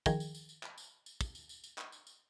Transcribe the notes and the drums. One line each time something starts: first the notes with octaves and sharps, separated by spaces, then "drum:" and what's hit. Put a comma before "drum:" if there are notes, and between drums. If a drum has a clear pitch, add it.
D#3 F3 G#4 A#4 G5 G#6, drum: kick, tambourine
drum: tambourine
drum: tambourine
drum: tambourine
drum: clap
drum: tambourine
drum: tambourine
drum: kick, tambourine
drum: tambourine
drum: tambourine
drum: tambourine
drum: clap
drum: tambourine
drum: tambourine